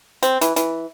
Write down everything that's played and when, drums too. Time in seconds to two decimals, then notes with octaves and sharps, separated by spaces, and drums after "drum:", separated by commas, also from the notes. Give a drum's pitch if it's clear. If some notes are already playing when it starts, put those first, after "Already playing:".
0.23 C4, drum: hi-hat
0.41 E3, drum: hi-hat
0.56 E3, drum: hi-hat